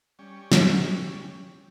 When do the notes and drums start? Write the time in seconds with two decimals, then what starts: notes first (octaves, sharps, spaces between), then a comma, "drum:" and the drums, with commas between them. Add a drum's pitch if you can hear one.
0.19 G3 C#4
0.52 drum: snare